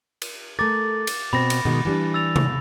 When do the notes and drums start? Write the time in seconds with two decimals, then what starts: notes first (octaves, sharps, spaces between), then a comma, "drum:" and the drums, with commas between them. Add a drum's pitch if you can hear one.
0.22 drum: cymbal
0.59 A3 A#4 D6 A6
1.07 drum: cymbal
1.33 B2 C4 B5 A#6
1.50 drum: cymbal
1.65 B2 D#3 G#3
1.85 E3 G3 D4
2.14 E6 A6 F7
2.36 drum: tom C3